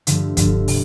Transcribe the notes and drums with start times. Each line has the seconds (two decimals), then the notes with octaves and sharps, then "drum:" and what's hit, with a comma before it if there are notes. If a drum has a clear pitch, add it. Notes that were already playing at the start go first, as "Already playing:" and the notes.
0.07 G2 D3 F3 A3 D4, drum: hi-hat
0.37 G2 D3 F3 A3 D4, drum: kick, hi-hat
0.68 C3, drum: open hi-hat